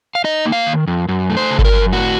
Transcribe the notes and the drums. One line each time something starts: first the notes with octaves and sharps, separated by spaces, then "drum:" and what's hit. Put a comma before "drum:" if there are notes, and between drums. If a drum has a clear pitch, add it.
F5
D#4 D#5
A#3
F5
D#3
F2
F#2
A3
C5
C#3
A4, drum: kick G1
A#4
F#2
A2 F#4